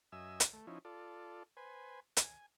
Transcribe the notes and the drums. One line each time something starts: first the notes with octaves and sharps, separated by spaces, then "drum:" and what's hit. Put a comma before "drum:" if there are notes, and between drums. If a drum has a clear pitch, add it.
F#2 D#5 E5 G#5 E6
drum: hi-hat
A3
F3 C#4 D#4 E4
F4 A4 D5
B4 C5 G#5
G#5, drum: hi-hat